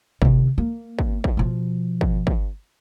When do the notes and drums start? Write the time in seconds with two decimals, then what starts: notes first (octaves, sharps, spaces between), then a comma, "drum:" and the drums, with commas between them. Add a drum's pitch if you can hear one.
0.22 C3 D#3, drum: kick
0.58 A#3
0.99 drum: kick
1.24 drum: kick
1.37 B2 F3
2.01 drum: kick
2.27 drum: kick